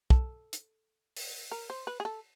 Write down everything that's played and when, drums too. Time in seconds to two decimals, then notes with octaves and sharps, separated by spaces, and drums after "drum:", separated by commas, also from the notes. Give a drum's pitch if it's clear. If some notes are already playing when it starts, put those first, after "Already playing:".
0.10 A4, drum: kick
0.53 drum: hi-hat
1.16 drum: open hi-hat
1.52 A#4
1.70 C5
1.87 B4
2.00 G#4
2.05 A4